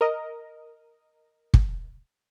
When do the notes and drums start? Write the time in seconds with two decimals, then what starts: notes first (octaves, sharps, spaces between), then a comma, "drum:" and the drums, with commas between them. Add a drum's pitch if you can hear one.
0.01 A#4 D#5
1.54 drum: kick